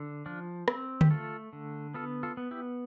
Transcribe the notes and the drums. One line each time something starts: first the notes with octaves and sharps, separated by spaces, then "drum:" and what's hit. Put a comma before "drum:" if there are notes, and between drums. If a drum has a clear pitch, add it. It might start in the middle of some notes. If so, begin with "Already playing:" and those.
Already playing: D3
F3 D4 F4
C4, drum: rim click
G4, drum: tom D3
A3 F4 A4
D3
B3 F4 A4
F4 A4
B3
E4 G4